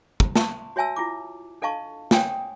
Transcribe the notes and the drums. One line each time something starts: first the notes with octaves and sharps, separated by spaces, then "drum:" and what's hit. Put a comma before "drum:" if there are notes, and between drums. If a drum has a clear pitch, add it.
drum: kick
A5 C6 C#6, drum: snare
F#4 C#5 E5 G#5 A5 E6
E4 F4 D6
D4 A4 D#5 F5 A5 C#6
C#5 G5 G#5 D#6, drum: snare